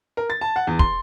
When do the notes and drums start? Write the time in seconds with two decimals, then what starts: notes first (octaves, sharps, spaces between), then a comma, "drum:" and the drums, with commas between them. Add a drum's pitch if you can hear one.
0.17 A#4
0.30 A6
0.41 A5
0.56 F#5
0.67 E2
0.79 C6, drum: kick